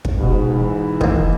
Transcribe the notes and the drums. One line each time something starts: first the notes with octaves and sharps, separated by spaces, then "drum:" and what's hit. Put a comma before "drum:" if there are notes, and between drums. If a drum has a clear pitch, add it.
drum: kick
G#2 B2
E3
D#3 A#3, drum: kick